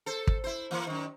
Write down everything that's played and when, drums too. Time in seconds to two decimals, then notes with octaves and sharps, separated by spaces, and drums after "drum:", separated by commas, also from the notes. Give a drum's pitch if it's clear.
0.06 A4 C5
0.27 drum: kick
0.44 E4 C5
0.71 E3 A#3
0.87 F#2 D#3